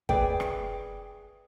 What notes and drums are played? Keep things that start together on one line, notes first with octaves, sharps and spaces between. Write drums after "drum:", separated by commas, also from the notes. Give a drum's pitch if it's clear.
G#4 B4 D5 E5 G5, drum: kick
drum: rim click